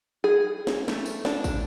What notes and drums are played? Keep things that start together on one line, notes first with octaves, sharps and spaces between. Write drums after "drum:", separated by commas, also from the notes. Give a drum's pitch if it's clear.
G#4
drum: snare
A3, drum: snare
drum: tambourine
D4, drum: snare
drum: kick, tambourine